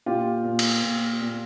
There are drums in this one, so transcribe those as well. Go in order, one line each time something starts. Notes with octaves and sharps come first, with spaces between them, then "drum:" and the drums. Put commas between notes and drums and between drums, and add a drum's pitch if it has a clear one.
A#2 F4 G4
A#2
drum: cymbal
A#2
A#2